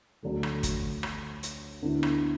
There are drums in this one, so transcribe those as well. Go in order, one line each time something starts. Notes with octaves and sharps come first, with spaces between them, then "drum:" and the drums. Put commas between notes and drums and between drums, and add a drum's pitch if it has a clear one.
D2 D3 F#3 A3
drum: rim click
drum: kick, hi-hat
drum: rim click
drum: hi-hat
D2 D3 B3 E4
drum: rim click